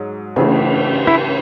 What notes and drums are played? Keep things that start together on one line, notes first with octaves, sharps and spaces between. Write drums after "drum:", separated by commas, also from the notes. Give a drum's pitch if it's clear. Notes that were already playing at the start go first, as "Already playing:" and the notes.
Already playing: G#2 F#3
C#3 E3 A3, drum: cymbal
E4